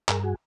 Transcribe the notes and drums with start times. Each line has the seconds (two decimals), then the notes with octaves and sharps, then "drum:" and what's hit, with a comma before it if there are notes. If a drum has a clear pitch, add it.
0.09 G2 G#4 A#4, drum: clap
0.23 F#4 G#4